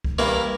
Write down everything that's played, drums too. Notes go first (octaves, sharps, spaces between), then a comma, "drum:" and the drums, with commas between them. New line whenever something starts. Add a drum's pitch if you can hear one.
drum: kick C2
G2 E3 A#3 E4